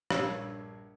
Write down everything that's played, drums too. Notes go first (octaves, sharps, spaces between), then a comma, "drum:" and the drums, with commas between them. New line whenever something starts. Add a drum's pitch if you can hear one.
A#1 G2 C#5 F5 E6 F#6, drum: rim click